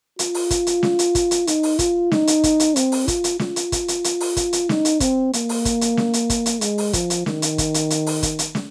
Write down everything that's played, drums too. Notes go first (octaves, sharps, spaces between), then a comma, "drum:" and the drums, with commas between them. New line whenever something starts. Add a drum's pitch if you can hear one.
F4, drum: hi-hat
drum: open hi-hat
drum: kick, hi-hat
drum: hi-hat
drum: snare
drum: hi-hat
drum: kick, hi-hat
drum: hi-hat
D#4, drum: hi-hat
drum: open hi-hat
F4, drum: kick, hi-hat
D#4, drum: snare
drum: hi-hat
drum: kick, hi-hat
drum: hi-hat
C4, drum: hi-hat
drum: open hi-hat
F4, drum: kick, hi-hat
drum: hi-hat
F4, drum: snare
drum: hi-hat
drum: kick, hi-hat
drum: hi-hat
drum: hi-hat
drum: open hi-hat
drum: kick, hi-hat
drum: hi-hat
D#4, drum: snare
drum: hi-hat
C4, drum: kick, hi-hat
A#3, drum: hi-hat
drum: open hi-hat
drum: kick, hi-hat
drum: hi-hat
drum: snare
drum: hi-hat
drum: kick, hi-hat
drum: hi-hat
G#3, drum: hi-hat
drum: open hi-hat
F3, drum: kick, hi-hat
drum: hi-hat
D#3, drum: snare
drum: hi-hat
drum: kick, hi-hat
drum: hi-hat
drum: hi-hat
drum: open hi-hat
drum: kick, hi-hat
drum: hi-hat
drum: snare